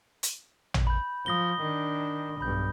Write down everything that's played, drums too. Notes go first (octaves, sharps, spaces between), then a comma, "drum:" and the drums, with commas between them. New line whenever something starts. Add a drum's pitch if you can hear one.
drum: hi-hat
drum: tom A1
B5 G6
F3 D#6 A#6 G7
D#3 D4
B1 G2 B5 G6